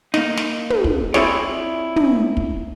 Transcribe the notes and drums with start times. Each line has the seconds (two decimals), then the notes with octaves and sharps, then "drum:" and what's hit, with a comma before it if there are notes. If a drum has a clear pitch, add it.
0.14 A#3 D#4, drum: snare
0.37 drum: snare
0.70 drum: tom
0.84 drum: kick
1.14 C4 E4 F4 G#4 C#5 D5, drum: snare
1.96 drum: tom
2.37 drum: kick